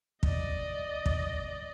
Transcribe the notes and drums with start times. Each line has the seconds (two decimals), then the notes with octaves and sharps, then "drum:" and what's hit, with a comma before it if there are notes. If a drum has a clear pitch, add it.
0.23 D5 D#5, drum: kick
1.06 drum: kick